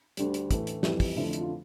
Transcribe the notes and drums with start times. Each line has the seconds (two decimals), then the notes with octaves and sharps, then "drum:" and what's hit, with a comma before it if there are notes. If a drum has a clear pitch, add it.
0.17 D2 D3 G3, drum: hi-hat
0.34 drum: hi-hat
0.51 A2 E3 A3, drum: kick, hi-hat
0.67 drum: hi-hat
0.83 F2 E3 G3 E4, drum: snare
1.00 drum: kick, open hi-hat
1.16 F2 D3 F3 A3 E4
1.33 E4, drum: hi-hat
1.41 F4